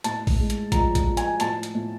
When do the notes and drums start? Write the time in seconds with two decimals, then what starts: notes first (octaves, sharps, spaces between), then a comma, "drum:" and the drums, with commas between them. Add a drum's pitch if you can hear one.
0.04 A2 A5, drum: hi-hat
0.27 drum: kick A1, open hi-hat
0.39 G#3
0.50 drum: hi-hat
0.72 F3 A#5, drum: kick A1, hi-hat
0.95 drum: kick A1, hi-hat
1.07 F3
1.17 G#5, drum: hi-hat
1.40 A2 A5, drum: hi-hat
1.63 drum: hi-hat
1.75 A2